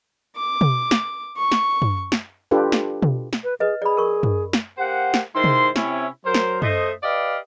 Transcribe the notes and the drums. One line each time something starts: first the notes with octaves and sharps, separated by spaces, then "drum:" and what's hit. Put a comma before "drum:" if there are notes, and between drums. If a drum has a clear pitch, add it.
D6
drum: tom
drum: snare
C#6
drum: snare
drum: tom F#2
drum: snare
D4 F4 G4 A4 B4
drum: snare
drum: tom
drum: snare
B4
G#4 B4 D#5
G#4 D5 B5
A#4 C#6
drum: tom F#2
drum: snare
A#3 G4 C5 F#5
drum: snare
D#3 G#3 E4 C5 C6
drum: tom
C3 C4 C#4 E4, drum: snare
F#3 A#4 C5
drum: snare
A3 C5 D#5, drum: tom F#2
G4 B4 D5 D#5 F5